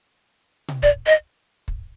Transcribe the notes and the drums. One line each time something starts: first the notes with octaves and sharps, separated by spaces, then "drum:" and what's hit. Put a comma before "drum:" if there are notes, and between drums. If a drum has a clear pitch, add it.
drum: tom B2
D5, drum: kick
D#5
drum: kick